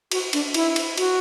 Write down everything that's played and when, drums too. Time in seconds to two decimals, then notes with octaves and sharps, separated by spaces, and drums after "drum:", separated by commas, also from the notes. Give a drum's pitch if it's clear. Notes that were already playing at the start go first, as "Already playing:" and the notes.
0.12 F#4, drum: cymbal
0.33 D4, drum: cymbal
0.54 E4, drum: cymbal
0.76 drum: cymbal
0.98 F#4, drum: cymbal